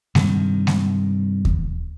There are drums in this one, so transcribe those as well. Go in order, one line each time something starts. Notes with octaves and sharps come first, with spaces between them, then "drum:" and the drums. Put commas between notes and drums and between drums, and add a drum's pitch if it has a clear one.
G2 C3 D#3, drum: snare G#3
drum: snare G#3
drum: kick D#2